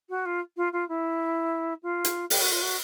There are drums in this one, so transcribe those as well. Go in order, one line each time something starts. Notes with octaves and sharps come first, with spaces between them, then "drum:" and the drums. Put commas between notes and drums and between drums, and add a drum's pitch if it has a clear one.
F#4
F4
F4
F4
E4
F4
drum: hi-hat
G4, drum: open hi-hat
F#4
F4
F#4